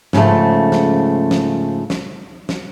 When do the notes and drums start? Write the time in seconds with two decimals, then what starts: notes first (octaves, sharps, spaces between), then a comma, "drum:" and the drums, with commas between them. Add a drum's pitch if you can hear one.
0.13 G#2 C#3 E3 F3 A3, drum: snare
0.72 drum: snare
1.31 drum: snare
1.90 drum: snare
2.49 drum: snare